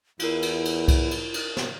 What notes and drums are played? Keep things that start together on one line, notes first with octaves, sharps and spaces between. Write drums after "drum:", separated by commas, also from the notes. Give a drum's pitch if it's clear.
E2 E4 F4 A#4, drum: cymbal
drum: cymbal
drum: cymbal
drum: kick C2, cymbal
drum: cymbal
drum: cymbal
drum: snare